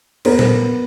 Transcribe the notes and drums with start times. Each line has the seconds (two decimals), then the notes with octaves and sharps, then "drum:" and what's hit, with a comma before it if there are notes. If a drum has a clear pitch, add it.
0.25 B3 A#4 C5, drum: cymbal
0.39 drum: tom A#2